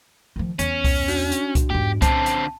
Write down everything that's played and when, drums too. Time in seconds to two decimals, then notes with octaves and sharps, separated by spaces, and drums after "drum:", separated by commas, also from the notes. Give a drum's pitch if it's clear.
0.36 D#3 F3
0.59 E2 C#4, drum: hi-hat
0.84 drum: kick C2, open hi-hat
1.08 D4 F#4, drum: open hi-hat
1.32 drum: hi-hat
1.55 drum: kick C2, hi-hat
1.70 E2 G#2 G4
2.02 D3 C4 C#4 A5, drum: kick C2, hi-hat
2.26 drum: hi-hat